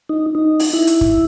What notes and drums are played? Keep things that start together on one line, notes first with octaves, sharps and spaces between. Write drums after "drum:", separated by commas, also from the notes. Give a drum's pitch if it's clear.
D#4
D#4
drum: open hi-hat
E4
drum: hi-hat
drum: kick